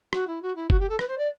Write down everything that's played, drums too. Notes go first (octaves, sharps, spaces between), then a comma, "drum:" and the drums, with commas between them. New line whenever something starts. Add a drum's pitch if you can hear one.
F#4, drum: rim click
E4
F#4
E4
F#4, drum: kick F#1
G4
A4
B4, drum: rim click
C5
D5